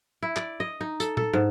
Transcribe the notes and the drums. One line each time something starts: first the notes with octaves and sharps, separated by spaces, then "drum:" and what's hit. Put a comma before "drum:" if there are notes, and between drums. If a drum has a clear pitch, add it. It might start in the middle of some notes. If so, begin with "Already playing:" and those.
E4
D5, drum: clap
D#5
D#4
A4, drum: hi-hat
A4, drum: tom A#2
G#2